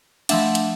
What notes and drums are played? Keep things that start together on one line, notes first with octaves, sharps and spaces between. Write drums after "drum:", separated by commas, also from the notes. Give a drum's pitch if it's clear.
F3 A3 D4 E5 F#5, drum: cymbal
drum: cymbal